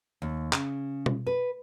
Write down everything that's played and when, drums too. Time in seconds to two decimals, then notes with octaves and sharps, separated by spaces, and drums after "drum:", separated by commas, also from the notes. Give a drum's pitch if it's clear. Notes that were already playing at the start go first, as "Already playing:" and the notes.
0.22 D#2
0.53 C#3, drum: clap
1.06 drum: tom
1.27 B4